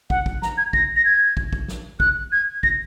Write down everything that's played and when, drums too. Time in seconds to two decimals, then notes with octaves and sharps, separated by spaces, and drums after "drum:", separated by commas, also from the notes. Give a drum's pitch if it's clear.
0.10 F#5, drum: kick
0.26 drum: kick
0.42 A#5, drum: snare
0.58 G#6
0.73 A#6, drum: kick
0.96 A#6
1.05 G#6
1.37 drum: kick
1.53 drum: kick
1.68 drum: snare
2.00 F#6, drum: kick
2.32 G#6
2.63 A#6, drum: kick